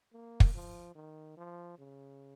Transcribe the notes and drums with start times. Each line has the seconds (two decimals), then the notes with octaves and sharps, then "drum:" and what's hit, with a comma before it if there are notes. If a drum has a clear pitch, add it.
0.13 A#3
0.40 drum: kick
0.54 F3
0.95 D#3
1.37 F3
1.79 C#3